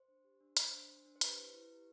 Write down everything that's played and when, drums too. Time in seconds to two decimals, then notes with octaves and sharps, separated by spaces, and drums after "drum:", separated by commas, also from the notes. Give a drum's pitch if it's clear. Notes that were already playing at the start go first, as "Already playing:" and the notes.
Already playing: C5
0.08 D4
0.24 G4
0.41 D4
0.57 D4 C5, drum: hi-hat
0.74 D4
0.89 D4
1.06 D4
1.16 C5
1.21 G4 B4, drum: hi-hat
1.38 E4
1.54 E4
1.70 G4